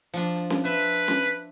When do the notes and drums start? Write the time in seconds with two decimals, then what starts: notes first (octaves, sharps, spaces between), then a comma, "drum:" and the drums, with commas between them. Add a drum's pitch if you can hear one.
0.14 F3 D4
0.36 drum: hi-hat
0.50 drum: snare
0.65 B4 E5, drum: hi-hat
0.94 drum: hi-hat
1.08 drum: snare
1.22 drum: hi-hat